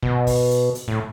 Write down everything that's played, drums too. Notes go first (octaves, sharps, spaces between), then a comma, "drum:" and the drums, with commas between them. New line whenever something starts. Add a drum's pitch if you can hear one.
B2, drum: kick
drum: kick, open hi-hat
drum: hi-hat
drum: hi-hat
A2